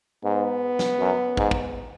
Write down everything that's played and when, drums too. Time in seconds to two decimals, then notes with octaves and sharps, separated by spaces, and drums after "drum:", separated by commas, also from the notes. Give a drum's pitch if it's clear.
0.23 G#2 B3
0.79 drum: snare
1.00 F#2
1.37 G#2, drum: kick
1.51 drum: kick